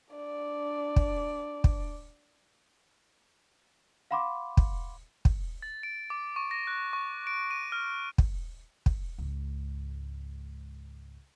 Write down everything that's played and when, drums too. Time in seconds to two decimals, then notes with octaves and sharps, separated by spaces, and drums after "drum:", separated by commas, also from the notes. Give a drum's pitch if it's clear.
0.14 D4 D5
0.96 drum: kick
1.64 drum: kick
4.11 F5 F#5 B5 C6 D6
4.57 drum: kick
5.25 drum: kick
5.62 A6
5.83 D7
6.10 D6
6.36 C#6
6.51 A#6
6.67 F#6
6.93 C#6
7.27 D7
7.51 D#7
7.72 F6
8.18 drum: kick
8.86 drum: kick
9.18 C#2 G#2